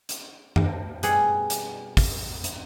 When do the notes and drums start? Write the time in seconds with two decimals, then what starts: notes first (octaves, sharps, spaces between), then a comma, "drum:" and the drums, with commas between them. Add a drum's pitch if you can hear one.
0.09 drum: hi-hat
0.56 drum: tom F#2
1.03 B2 G3 G#4 F#5, drum: hi-hat
1.50 drum: hi-hat
1.97 drum: kick, open hi-hat
2.44 drum: hi-hat